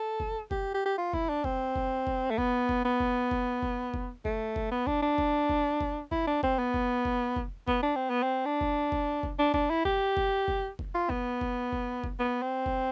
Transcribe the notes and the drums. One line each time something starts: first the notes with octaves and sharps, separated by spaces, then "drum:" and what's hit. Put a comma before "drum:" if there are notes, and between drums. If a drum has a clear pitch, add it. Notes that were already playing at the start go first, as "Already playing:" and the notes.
Already playing: A4
drum: kick
G4, drum: kick
G4
G4
F4
E4, drum: kick
D4
C4, drum: kick
drum: kick
drum: kick
A3
B3, drum: kick
drum: kick
B3
drum: kick
drum: kick
drum: kick
drum: kick
A3, drum: kick
drum: kick
B3
D4, drum: kick
D4
drum: kick
drum: kick
drum: kick
E4, drum: kick
D4
C4, drum: kick
B3
drum: kick
drum: kick
drum: kick
B3, drum: kick
D4
C4
B3
C4
D4
drum: kick
drum: kick
drum: kick
D4
D4, drum: kick
E4
G4, drum: kick
drum: kick
drum: kick
drum: kick
F4
B3, drum: kick
drum: kick
drum: kick
drum: kick
B3
C4
drum: kick